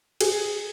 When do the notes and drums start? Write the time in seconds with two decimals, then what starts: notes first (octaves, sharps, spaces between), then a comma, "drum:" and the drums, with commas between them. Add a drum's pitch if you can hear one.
0.21 G#4, drum: cymbal